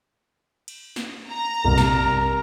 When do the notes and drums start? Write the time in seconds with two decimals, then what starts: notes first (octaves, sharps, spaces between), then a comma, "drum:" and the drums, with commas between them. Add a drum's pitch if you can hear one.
0.68 drum: cymbal
0.96 drum: snare
1.29 A#5
1.65 C2 C3 G4 A#4, drum: kick B1
1.78 drum: snare